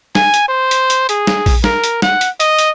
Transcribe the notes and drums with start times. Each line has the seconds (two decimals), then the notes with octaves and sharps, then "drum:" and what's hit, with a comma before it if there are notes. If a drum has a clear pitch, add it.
0.15 G#5, drum: snare
0.34 drum: hi-hat
0.48 C5
0.71 drum: hi-hat
0.90 drum: hi-hat
1.09 G#4, drum: hi-hat
1.27 drum: snare
1.46 drum: kick A#1, open hi-hat
1.64 A#4, drum: snare
1.84 drum: hi-hat
2.02 F#5, drum: snare
2.21 drum: hi-hat
2.40 D#5, drum: hi-hat
2.59 drum: hi-hat